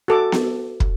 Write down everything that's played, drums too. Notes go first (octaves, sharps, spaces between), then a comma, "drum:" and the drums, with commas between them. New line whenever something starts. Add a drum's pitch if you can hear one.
F#4 A4 D6
drum: snare B3
drum: kick